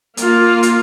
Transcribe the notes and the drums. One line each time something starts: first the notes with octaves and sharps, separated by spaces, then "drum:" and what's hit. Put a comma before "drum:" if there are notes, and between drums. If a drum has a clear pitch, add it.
A#3 F4, drum: hi-hat
drum: hi-hat